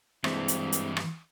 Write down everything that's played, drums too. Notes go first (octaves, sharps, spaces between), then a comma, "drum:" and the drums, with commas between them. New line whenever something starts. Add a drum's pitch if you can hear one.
G2 E3 G#3 C4 E4, drum: rim click
drum: hi-hat
drum: hi-hat
drum: rim click